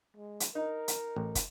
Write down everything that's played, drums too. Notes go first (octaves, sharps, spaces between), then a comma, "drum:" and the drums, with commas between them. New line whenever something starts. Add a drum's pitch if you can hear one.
G#3
drum: hi-hat
D#4 A#4
drum: hi-hat
A1
drum: kick, hi-hat